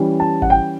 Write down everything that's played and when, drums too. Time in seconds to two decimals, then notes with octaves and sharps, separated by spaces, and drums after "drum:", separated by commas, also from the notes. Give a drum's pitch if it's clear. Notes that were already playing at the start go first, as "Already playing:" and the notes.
Already playing: E3 G3 C#4
0.20 A5
0.42 F#5, drum: kick G#1
0.50 G5